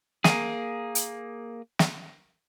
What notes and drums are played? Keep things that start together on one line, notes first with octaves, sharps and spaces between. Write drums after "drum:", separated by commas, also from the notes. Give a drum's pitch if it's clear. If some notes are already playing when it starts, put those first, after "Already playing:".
A#3 G#4, drum: snare
drum: hi-hat
drum: snare